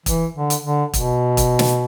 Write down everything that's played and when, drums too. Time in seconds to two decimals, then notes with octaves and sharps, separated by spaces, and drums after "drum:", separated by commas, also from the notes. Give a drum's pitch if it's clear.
0.06 E3, drum: kick, hi-hat
0.35 D3
0.50 drum: hi-hat
0.64 D3
0.94 B2, drum: kick, hi-hat
1.37 drum: kick, hi-hat
1.59 drum: snare